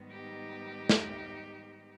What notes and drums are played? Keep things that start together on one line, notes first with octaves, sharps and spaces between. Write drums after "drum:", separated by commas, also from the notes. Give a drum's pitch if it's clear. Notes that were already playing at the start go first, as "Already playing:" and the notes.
Already playing: G#2 D#3 G3 B3
D#4 G4
drum: snare